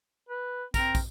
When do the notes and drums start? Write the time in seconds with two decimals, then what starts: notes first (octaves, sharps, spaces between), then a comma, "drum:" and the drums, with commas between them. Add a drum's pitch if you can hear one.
0.29 B4
0.74 C4 A#4, drum: kick, tambourine
0.95 drum: kick, tambourine